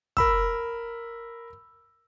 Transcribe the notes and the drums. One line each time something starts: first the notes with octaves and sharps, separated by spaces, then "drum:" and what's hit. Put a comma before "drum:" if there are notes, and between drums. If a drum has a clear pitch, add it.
A#4 B5 E6, drum: kick